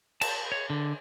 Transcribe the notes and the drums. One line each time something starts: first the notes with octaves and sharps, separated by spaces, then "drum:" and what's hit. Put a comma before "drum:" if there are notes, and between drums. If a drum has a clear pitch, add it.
A5, drum: cymbal
C#5
D3